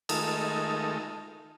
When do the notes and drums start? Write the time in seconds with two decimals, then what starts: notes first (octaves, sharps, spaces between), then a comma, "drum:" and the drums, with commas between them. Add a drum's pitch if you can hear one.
0.09 D#3 G#3 A3 D#4 A4 A#4, drum: cymbal